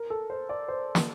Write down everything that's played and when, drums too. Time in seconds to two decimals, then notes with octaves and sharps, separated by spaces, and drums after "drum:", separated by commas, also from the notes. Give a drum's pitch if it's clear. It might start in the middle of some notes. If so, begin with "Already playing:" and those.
Already playing: A#4
0.10 A4
0.30 C5
0.49 D5
0.68 C5
0.95 drum: snare